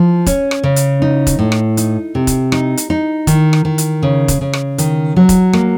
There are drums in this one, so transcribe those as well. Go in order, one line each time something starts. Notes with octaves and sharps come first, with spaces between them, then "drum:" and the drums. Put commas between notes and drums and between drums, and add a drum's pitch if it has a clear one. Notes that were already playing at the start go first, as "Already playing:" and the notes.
Already playing: F3
C#4, drum: kick E1, hi-hat
drum: rim click
C#3
drum: hi-hat
D#4
drum: kick E1, hi-hat
A2
drum: rim click
D#4, drum: hi-hat
C3
drum: kick E1, hi-hat
D#4, drum: rim click
drum: hi-hat
D#4
D#3, drum: kick E1, hi-hat
drum: rim click
D#3
drum: hi-hat
C#3
drum: kick E1, hi-hat
C#3
drum: rim click
D#3, drum: hi-hat
F#3
drum: kick E1, hi-hat
A#3, drum: rim click